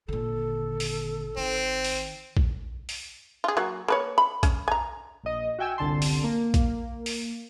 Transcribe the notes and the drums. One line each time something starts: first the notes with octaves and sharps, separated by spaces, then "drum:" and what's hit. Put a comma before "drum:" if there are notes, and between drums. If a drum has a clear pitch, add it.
G#1 A#2 D3 A4
drum: open hi-hat
D#3 C4
drum: open hi-hat
drum: kick A#1
drum: open hi-hat
F4 G#4
F#3 A#3 F#4
A#3 B4 C#5
B5
C#4, drum: kick A#1, hi-hat
G#5 A#5
A#1 D#5
F#4 E5 G5 G#5 E6
G1 C2 D3 A5 C6
drum: open hi-hat
A#3
drum: kick A#1, hi-hat
drum: open hi-hat